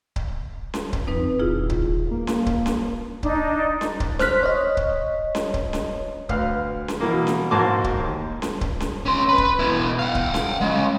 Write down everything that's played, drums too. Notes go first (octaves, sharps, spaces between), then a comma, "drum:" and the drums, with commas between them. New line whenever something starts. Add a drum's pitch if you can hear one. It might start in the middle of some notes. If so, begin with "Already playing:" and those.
drum: kick C#1
drum: snare C#4
drum: kick C#1
F2 C4 D#4 B4
D#1 E4 F4 G#4
drum: kick C#1
A#3
drum: snare C#4
drum: kick C#1
drum: snare C#4
D4 D#4, drum: kick C#1
drum: snare C#4
drum: kick C#1
C5 F6 F#6 B6, drum: snare C#4
C#5 D#5
drum: kick C#1
drum: snare C#4
drum: kick C#1
drum: snare C#4
D2 B4 F5 F6, drum: kick C#1
drum: snare C#4
B2 E3 A#3
drum: snare C#4
G#2 A#3 F#4 A5 C6 D6
drum: kick C#1
D#2
drum: snare C#4
drum: kick C#1
drum: snare C#4
C#4 C6
B4
drum: kick C#1
B2 E4
F5 F#5
drum: kick C#1
drum: snare C#4
G#3 C#4